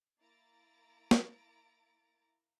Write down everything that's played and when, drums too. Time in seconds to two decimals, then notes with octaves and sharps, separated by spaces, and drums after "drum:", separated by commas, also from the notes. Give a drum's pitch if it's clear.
0.21 A#3 E4 A#5 A6 D7
1.11 drum: snare